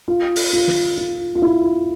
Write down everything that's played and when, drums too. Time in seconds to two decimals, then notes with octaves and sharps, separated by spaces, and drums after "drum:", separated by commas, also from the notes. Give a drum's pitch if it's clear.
0.08 F4
0.36 drum: open hi-hat
0.53 F4
0.68 drum: snare
0.97 F4
1.35 F4
1.42 E4